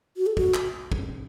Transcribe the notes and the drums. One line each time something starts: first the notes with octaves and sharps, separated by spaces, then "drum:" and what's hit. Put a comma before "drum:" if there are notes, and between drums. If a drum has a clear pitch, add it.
F#4
A4
F#4, drum: kick
drum: clap
drum: kick